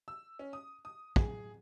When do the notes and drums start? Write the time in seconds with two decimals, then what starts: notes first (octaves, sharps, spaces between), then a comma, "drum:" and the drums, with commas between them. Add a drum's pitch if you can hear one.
0.08 E6
0.39 C#4
0.53 D#6
0.85 D#6
1.16 G#4, drum: kick